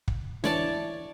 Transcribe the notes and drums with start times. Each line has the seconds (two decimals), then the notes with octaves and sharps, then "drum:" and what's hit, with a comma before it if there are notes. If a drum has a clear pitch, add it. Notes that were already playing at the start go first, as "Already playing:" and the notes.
0.08 drum: kick
0.44 E3 D4 E4 C#5 D5 A5, drum: snare